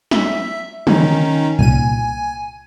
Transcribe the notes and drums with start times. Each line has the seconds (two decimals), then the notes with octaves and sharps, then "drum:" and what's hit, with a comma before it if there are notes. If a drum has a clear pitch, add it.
0.11 E5, drum: snare
0.87 D#3 C#4 D#4, drum: tom
1.59 C2 A#2 G#5 D#7